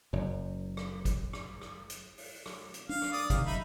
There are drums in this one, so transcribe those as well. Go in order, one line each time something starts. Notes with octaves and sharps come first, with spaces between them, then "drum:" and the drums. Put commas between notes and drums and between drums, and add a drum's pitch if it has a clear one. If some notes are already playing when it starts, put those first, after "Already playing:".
F#1 F#2
drum: rim click
drum: kick, hi-hat
drum: rim click
drum: rim click
drum: hi-hat
drum: open hi-hat
drum: rim click
drum: hi-hat
D4 F5
drum: rim click
D5 D#6
C3 D#3 F5, drum: kick, hi-hat
F#1 D#4 E5 B5